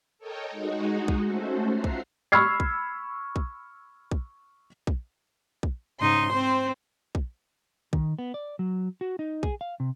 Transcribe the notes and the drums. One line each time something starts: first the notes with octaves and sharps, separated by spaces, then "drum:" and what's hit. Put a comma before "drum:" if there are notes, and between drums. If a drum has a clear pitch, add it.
A4 A#4 C#5 D#5 G5
G#3 D#4 F#4
drum: kick
A3 C#4 F#4 A4 C5
F4 E5 F#5 A#5 C7
drum: kick
B5 C#6 E6 F6 G#6 C7
drum: kick
drum: kick
drum: kick
drum: kick
drum: kick
G#2 C#3 D#4 C6
C4 C5
drum: kick
D#3, drum: kick
B3
D5
F#3
F#4
D#4
G#4, drum: kick
F5
C3